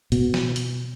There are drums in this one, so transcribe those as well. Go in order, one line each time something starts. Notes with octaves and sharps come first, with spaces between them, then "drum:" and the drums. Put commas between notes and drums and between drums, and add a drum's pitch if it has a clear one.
B2, drum: hi-hat
drum: snare
drum: hi-hat